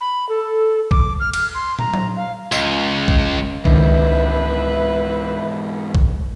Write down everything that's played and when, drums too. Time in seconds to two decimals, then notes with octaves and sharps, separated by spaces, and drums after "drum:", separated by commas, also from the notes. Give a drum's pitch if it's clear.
0.01 B5
0.29 A4
0.91 D6, drum: kick
1.20 F6
1.33 F6, drum: cymbal
1.55 C6
1.79 A#5, drum: tom
1.94 drum: tom F#3
2.16 F5
2.52 C#2, drum: tambourine
3.08 drum: kick
3.65 C#2 G#2 D3 D#3 E4 B4 C5 E5, drum: kick
5.95 drum: kick